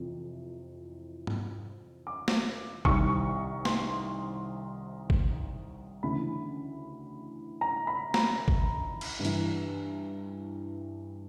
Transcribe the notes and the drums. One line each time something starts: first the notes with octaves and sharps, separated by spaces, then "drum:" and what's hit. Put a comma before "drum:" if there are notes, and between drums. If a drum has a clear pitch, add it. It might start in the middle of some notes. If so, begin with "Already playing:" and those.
Already playing: F2 C3 E3
drum: tom G#2
D6
drum: snare
C2 C3 D#3 C#6, drum: kick G#1
C6, drum: snare
drum: kick G#1
D2 C#3 E3 B5
A#5
B5
A#5, drum: snare
drum: kick G#1
drum: cymbal
G2
E3, drum: hi-hat